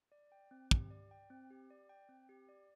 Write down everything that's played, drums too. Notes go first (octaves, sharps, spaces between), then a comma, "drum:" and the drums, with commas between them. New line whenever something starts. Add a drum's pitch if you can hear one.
D5
G5
C4
G4, drum: kick
D5
G5
C4
G4
D5
G5
C4
G4
D5